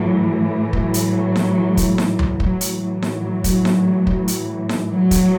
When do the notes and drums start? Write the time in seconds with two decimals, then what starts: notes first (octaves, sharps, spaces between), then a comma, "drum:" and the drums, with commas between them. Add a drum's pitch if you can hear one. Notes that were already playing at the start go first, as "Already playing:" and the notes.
Already playing: A2 E3 F#3
0.73 F#3, drum: kick
0.94 drum: hi-hat
1.36 drum: snare D#4
1.77 drum: kick, hi-hat
1.98 drum: snare D#4
2.19 drum: tom D2
2.40 A2 E3 F#3, drum: kick
2.61 drum: hi-hat
2.82 F#3
3.02 drum: snare D#4
3.44 drum: kick, hi-hat
3.65 drum: snare D#4
4.07 drum: kick
4.28 drum: hi-hat
4.69 drum: snare D#4
4.91 F#3
5.11 drum: kick, hi-hat